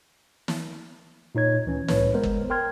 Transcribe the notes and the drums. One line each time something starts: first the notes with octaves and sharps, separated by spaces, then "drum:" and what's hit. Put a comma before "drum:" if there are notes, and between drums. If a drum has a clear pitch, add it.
drum: snare
A#2 D#4 C#5 G#6
D2 E3 C#4
C2 A2 B4 C#5, drum: snare
G#3 B3 A#4 C5
drum: kick G1
A#4 G5 C6 F6 G#6